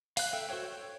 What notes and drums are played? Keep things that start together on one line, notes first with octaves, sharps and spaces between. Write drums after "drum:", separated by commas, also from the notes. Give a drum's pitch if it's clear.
F5 F#6, drum: open hi-hat
A4 E5 G5
F#4 A4 C5 C#5 G5
C#5